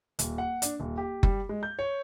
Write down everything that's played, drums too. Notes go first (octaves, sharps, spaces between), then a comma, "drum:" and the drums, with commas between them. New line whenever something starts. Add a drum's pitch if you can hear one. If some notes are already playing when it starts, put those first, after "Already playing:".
D#1, drum: hi-hat
F#5
D4, drum: hi-hat
D#1
G4
G3, drum: kick F#1
G#3
G6
C#5